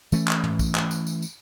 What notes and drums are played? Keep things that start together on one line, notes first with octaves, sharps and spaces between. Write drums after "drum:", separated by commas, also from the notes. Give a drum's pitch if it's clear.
E3 A3 C#4, drum: tambourine
drum: clap
drum: tom
drum: kick, tambourine
drum: clap
drum: tambourine
drum: tambourine
drum: tambourine